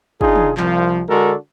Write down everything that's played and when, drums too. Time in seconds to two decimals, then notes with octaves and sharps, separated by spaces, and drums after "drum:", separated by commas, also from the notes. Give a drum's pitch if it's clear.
0.21 D4 D#4 F4 G#4, drum: kick
0.35 drum: tom
0.57 C2 F3, drum: clap
1.08 D3 G#3 D4 F#4 A4 A#4